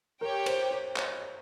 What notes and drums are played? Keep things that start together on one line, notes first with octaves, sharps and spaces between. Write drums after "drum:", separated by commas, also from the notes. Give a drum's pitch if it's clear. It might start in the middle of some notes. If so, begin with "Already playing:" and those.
G4 A#4 C#5 G5
C5, drum: cymbal
C5
C#5, drum: clap